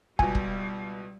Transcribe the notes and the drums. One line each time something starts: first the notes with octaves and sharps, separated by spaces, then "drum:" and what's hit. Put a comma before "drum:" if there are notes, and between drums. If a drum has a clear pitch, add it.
C#2 B2 G3 G#5, drum: kick
drum: kick